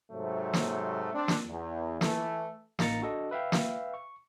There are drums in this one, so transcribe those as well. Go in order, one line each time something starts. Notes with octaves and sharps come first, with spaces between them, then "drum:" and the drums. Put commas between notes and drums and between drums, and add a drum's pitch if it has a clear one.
G#2 C3 F#3 A3
drum: snare
C4 D4
drum: snare
E2
E3 A3, drum: snare
A1 A#3 D#4 A#5 A6 C#7, drum: snare
D4 F#4 A4 D#5
B4 E5 F5 G5
drum: snare
C#6